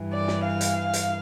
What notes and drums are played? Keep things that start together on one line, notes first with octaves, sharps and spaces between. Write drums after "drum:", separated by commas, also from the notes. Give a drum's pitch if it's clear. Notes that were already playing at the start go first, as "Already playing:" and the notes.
Already playing: G2 E3
D5
drum: snare
F5
drum: hi-hat
drum: hi-hat